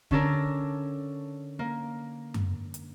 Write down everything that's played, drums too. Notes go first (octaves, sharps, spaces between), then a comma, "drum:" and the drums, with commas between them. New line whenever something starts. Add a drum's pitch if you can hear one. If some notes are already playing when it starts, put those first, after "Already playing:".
D3 C#4 D4 A4 A#4 D5, drum: kick
A#3
drum: tom F#2
drum: hi-hat